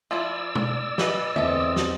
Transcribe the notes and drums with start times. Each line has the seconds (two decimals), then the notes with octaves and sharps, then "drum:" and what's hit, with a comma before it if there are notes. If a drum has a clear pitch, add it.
0.11 F3 E4 D5 E6
0.55 drum: tom B2
0.98 E3 B4 D#5, drum: snare
1.36 E2 C4 A4 D#5 E5, drum: tom
1.76 drum: snare